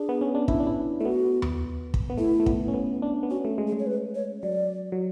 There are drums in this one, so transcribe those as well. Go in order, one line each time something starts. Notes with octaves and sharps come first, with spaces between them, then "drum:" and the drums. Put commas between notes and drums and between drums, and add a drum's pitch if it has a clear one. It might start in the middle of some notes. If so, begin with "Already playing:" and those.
Already playing: D4 G#4
B3
C#4
D4
E4, drum: kick
D4
E4
A3 E4
B3 F#4
drum: tom D#2
drum: kick
B3
A3 E4
A3
B3, drum: kick
C#4
B3
D4
B3
C#4 F#4
A3
G#3
G#4
G#3
C#5
B4
C#5
F#3 D5
F#3